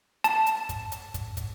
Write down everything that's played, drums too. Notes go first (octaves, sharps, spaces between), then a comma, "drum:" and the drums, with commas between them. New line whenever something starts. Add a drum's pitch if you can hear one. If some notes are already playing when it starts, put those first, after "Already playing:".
A5, drum: hi-hat
drum: hi-hat
drum: kick, hi-hat
drum: hi-hat
drum: kick, hi-hat
drum: kick, hi-hat